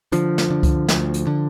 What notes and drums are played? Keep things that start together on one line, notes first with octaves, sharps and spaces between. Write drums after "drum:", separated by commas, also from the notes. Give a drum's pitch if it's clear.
D3 F3, drum: hi-hat
drum: snare
D3
drum: kick C#2, hi-hat
D2, drum: snare
drum: hi-hat
D3